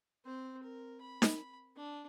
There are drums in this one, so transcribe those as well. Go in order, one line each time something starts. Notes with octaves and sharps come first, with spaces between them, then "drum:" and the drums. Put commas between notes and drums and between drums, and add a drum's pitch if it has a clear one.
C4 C5
A#4
B5
drum: snare D#4
D4